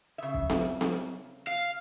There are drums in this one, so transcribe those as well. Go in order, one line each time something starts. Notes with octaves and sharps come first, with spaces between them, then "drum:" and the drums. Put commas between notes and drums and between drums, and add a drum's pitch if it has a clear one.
C#3 E5
drum: kick
drum: snare C4
drum: snare C4
F5